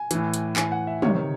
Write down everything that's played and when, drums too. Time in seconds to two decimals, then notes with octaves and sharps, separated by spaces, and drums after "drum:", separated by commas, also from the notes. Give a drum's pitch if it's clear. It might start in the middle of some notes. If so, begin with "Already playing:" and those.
Already playing: G#5
0.11 A2 E3, drum: hi-hat
0.34 drum: hi-hat
0.56 A2 E3 G#5, drum: clap
0.72 F#5
0.87 E5
1.02 C3 D#3 C#5, drum: tom